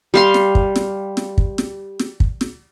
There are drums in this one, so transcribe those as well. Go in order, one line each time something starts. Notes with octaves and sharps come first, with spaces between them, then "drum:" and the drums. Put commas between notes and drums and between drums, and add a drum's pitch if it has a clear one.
G3 F5 C6
drum: snare
drum: kick
drum: snare
drum: snare
drum: kick
drum: snare
drum: snare
drum: kick
drum: snare